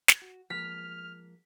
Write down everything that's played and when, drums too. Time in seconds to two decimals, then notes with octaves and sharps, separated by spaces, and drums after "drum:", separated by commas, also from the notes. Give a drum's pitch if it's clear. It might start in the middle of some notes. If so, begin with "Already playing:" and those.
0.08 drum: snare
0.22 F#4
0.50 F3 G#3 A#3 F6 B6